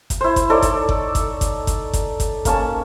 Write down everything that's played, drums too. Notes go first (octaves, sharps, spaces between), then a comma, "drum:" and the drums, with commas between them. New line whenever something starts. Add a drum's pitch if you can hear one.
drum: kick G1, hi-hat
E4 C5
drum: kick G1, hi-hat
D#4 A4 C#5 D5
drum: kick G1, hi-hat
drum: kick G1
drum: kick G1, hi-hat
drum: kick G1, hi-hat
drum: kick G1, hi-hat
drum: kick G1, hi-hat
drum: kick G1, hi-hat
A#3 C#4 A5, drum: kick G1, hi-hat